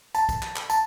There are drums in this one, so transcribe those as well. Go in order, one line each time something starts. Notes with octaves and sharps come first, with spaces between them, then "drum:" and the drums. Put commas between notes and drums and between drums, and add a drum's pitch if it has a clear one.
A5, drum: tambourine
drum: kick B1, tambourine
drum: clap
drum: clap
A5, drum: tambourine